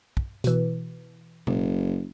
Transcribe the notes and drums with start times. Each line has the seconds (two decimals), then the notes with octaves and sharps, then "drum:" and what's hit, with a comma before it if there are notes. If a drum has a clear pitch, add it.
0.17 drum: kick
0.44 B2 E3, drum: hi-hat
1.47 F#1, drum: tom B2